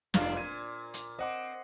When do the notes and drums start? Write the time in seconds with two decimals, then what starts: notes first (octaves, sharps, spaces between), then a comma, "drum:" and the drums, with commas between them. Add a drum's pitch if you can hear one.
0.14 F1 G2 D4 F4 F5, drum: snare
0.36 A#2 G#6 D#7
0.94 drum: hi-hat
1.19 C4 D#5 F#5 D6